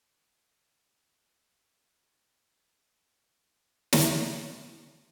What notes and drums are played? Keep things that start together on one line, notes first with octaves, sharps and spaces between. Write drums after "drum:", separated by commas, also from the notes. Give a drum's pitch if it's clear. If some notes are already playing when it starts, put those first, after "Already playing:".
B4 A5 C6 C#6 F6 G6
D3 G3 G#3 A#3 E4 G4
A4 D5 E5 F5
D#4 E4 G#4 A4 C#5
A#1
drum: snare
F3
B2